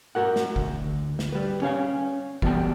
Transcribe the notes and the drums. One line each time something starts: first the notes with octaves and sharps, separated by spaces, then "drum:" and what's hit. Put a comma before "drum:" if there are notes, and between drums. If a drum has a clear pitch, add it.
F#4 A#4 F#5
drum: snare
D2, drum: kick
drum: snare
G3 B4
C#4 C#5 F5 G#5
E3 G3 B3 F#4 G5 A5, drum: kick